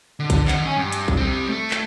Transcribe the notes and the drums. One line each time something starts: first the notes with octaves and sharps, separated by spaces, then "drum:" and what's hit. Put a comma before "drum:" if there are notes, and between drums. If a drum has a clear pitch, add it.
D3
drum: kick A#1, hi-hat
D#3 F#5, drum: clap
C#4 G#5
G2
drum: hi-hat
drum: kick A#1
G3 C4
A3
drum: clap